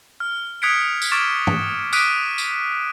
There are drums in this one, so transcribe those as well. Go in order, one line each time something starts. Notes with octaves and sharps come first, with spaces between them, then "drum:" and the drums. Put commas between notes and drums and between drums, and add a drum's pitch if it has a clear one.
F6
D#6 F#6 G#6 B6 C#7 D7
drum: tambourine
C#6 D6 F6 A6 D7 E7
drum: tom
D6 D#6 F#6 B6 D7 D#7, drum: tambourine
drum: tambourine